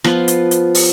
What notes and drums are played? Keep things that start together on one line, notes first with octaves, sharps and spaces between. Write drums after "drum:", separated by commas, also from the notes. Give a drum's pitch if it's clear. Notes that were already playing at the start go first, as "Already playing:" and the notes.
F3 B3 F4, drum: rim click
drum: hi-hat
drum: hi-hat
drum: open hi-hat